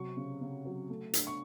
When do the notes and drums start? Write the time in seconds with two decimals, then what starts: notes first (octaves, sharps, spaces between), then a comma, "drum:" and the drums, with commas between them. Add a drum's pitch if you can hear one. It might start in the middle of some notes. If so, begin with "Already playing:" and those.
Already playing: C3 F#3 C#6
0.17 C#3
0.41 C#3
0.65 F#3
0.89 A3
1.14 D4, drum: hi-hat
1.27 C#6